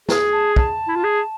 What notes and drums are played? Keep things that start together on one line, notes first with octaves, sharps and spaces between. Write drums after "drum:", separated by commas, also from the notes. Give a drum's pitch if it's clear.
G#4, drum: snare
A5
A5, drum: kick
E4
F4
G#4